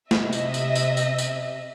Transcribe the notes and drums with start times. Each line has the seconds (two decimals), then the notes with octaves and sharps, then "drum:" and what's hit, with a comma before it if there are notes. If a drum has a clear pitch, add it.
0.11 C3 D#5 E5, drum: snare
0.33 drum: tambourine
0.54 drum: tambourine
0.75 drum: tambourine
0.97 drum: tambourine
1.18 drum: tambourine